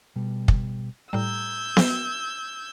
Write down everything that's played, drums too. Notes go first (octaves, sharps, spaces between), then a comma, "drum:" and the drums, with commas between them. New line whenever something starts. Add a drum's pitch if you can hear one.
B2 G3
drum: kick
A2 G3 A#5 E6 G6 G#6
drum: snare B3